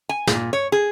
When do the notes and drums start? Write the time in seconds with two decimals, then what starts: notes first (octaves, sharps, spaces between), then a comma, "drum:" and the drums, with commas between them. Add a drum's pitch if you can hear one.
0.09 G#5
0.27 A#2, drum: snare
0.53 C#5
0.72 G#4